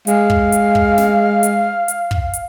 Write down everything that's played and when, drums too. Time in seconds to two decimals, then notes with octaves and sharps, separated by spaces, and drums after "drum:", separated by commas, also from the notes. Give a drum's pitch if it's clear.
0.07 G#3 F5, drum: hi-hat
0.30 drum: kick
0.52 drum: hi-hat
0.75 drum: kick
0.98 drum: snare
1.43 drum: hi-hat
1.88 drum: hi-hat
2.11 drum: kick
2.33 drum: hi-hat